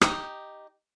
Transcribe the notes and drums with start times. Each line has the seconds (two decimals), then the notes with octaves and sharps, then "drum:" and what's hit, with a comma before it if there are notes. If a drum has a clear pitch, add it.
0.01 D#4 G4, drum: rim click